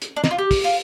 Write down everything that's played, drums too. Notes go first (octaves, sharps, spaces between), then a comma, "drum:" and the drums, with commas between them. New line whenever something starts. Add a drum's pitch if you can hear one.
drum: hi-hat
D4
D#4, drum: snare
F4
G4
drum: kick, open hi-hat
F4